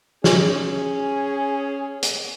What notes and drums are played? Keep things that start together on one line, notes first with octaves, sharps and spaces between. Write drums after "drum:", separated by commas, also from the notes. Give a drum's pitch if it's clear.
C#4 G#4, drum: snare
drum: hi-hat